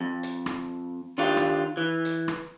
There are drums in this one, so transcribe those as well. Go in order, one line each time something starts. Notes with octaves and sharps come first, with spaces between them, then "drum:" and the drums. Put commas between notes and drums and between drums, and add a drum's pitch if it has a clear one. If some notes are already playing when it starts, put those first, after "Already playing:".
F2
drum: hi-hat
drum: rim click
D#3 D4 F4 G4
drum: rim click
E3
drum: hi-hat
drum: rim click